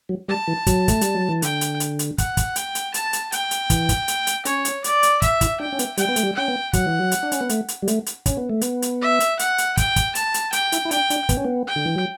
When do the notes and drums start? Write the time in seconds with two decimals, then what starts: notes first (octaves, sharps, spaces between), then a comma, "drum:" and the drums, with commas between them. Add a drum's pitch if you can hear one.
0.09 F#3
0.28 G3 A5
0.48 E3
0.67 F#3, drum: kick, hi-hat
0.88 A3, drum: kick, hi-hat
1.01 G3, drum: hi-hat
1.15 F#3
1.29 E3
1.42 D3 G5, drum: hi-hat
1.61 drum: hi-hat
1.80 drum: hi-hat
1.99 drum: hi-hat
2.18 F#5, drum: kick, hi-hat
2.37 drum: kick, hi-hat
2.56 G5, drum: hi-hat
2.75 drum: hi-hat
2.94 A5, drum: hi-hat
3.13 drum: hi-hat
3.32 G5, drum: hi-hat
3.51 drum: hi-hat
3.70 E3, drum: kick, hi-hat
3.89 drum: kick, hi-hat
4.08 drum: hi-hat
4.27 drum: hi-hat
4.45 C#4 C#5, drum: hi-hat
4.65 drum: hi-hat
4.84 D5, drum: hi-hat
5.03 drum: hi-hat
5.22 E5, drum: kick, hi-hat
5.41 E4, drum: kick, hi-hat
5.60 D4 G5
5.72 C#4
5.79 B3, drum: hi-hat
5.97 G3 G5, drum: hi-hat
6.09 B3
6.16 A3, drum: hi-hat
6.23 G3
6.35 C#4 G5
6.48 B3
6.73 F#3 F#5, drum: kick, hi-hat
6.86 E3
6.99 F#3
7.12 drum: hi-hat
7.23 D4
7.32 C#4, drum: hi-hat
7.41 B3
7.49 A3, drum: hi-hat
7.68 drum: hi-hat
7.82 G3
7.88 A3, drum: hi-hat
8.06 drum: hi-hat
8.26 C#4, drum: kick, hi-hat
8.37 B3
8.50 A3
8.61 B3, drum: hi-hat
8.82 drum: hi-hat
9.01 E5
9.20 drum: hi-hat
9.39 F#5, drum: hi-hat
9.58 drum: hi-hat
9.77 G5, drum: kick, hi-hat
9.96 drum: kick, hi-hat
10.15 A5, drum: hi-hat
10.34 drum: hi-hat
10.53 G5, drum: hi-hat
10.72 E4, drum: hi-hat
10.85 E4
10.91 D4 G5, drum: hi-hat
11.10 D4, drum: hi-hat
11.29 B3, drum: kick, hi-hat
11.37 C#4
11.45 B3
11.67 G5
11.76 D3
11.85 E3
11.96 F#3